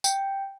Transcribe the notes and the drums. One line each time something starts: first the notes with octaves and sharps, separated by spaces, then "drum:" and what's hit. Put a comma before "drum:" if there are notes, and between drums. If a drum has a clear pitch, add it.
G5, drum: tambourine